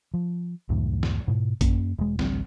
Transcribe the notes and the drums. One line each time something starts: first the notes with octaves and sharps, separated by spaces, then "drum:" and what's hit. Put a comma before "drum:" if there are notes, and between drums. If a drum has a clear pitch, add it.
F3
C#2 F#2 A2 D#3
drum: snare
G#2 B2
F#2 A#3 C#4, drum: kick A1, hi-hat
E1 G#3
A1 D2 G3 C4, drum: snare